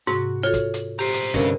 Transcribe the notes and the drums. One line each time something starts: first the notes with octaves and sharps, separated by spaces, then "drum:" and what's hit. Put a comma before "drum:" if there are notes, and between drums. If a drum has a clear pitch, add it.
G#2 C3 F#4 A#5
F4 F#4 A4 C#5
drum: kick, hi-hat
drum: hi-hat
G4 C5 A#5
drum: hi-hat
C2 G2 D3 C#4 G#4 A#4, drum: kick, hi-hat